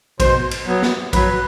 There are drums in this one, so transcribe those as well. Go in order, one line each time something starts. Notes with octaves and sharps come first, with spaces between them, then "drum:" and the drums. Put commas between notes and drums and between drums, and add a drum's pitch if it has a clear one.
B2 C5, drum: kick A#1, cymbal
drum: cymbal
F#3 B3
drum: snare
F#3 B4, drum: kick A#1, cymbal